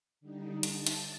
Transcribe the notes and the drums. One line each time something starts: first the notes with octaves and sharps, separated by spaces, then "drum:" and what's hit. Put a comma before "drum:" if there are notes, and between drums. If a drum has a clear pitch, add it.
D3 G3 D#4
A5, drum: hi-hat
drum: hi-hat